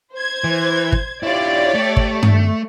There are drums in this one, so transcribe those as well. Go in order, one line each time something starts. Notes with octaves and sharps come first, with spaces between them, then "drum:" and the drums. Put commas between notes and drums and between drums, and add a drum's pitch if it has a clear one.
C5 G#6
E3
drum: kick
E4 F4 G4 C#5 D5
A3
drum: kick
drum: tom G2